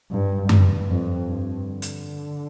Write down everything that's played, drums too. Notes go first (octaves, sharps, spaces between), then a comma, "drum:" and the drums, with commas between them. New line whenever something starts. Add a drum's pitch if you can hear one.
G2
G2, drum: tom F#2
F2
G2
D3
drum: hi-hat